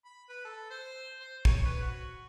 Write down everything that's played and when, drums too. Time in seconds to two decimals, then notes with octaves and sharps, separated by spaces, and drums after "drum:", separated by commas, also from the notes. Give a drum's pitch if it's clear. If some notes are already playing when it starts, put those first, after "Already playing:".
0.05 B5
0.29 B4
0.45 A4
0.70 C5
1.20 C5
1.45 C#5, drum: kick
1.65 B4
1.82 F#4